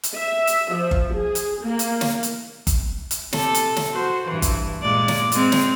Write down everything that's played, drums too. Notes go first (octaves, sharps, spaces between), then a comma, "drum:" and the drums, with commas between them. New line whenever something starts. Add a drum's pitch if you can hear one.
drum: hi-hat
E5
drum: hi-hat
F3
drum: kick G1
G#4
drum: hi-hat
A#3
drum: hi-hat
drum: snare
drum: hi-hat
drum: kick G1, hi-hat
drum: hi-hat
C3 A4, drum: snare
drum: hi-hat
drum: snare
F#4 C5
G2 E3
drum: kick G1, hi-hat
A#2 G#3 D5
drum: snare
G#3 C4, drum: hi-hat
drum: snare